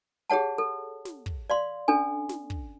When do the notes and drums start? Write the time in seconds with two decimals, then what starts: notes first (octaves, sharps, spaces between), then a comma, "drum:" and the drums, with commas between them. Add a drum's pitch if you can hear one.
0.30 G4 G#4 C#5 F#5 A5
0.58 A4
1.05 drum: snare
1.26 drum: kick
1.50 D5 F5 C6
1.88 C#4 D4 A4 G#5
2.29 drum: snare
2.50 drum: kick